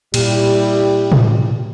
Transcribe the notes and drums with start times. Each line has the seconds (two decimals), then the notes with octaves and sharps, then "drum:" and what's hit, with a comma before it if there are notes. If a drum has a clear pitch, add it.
0.14 A#2 G3 E4 G4, drum: cymbal
1.12 drum: tom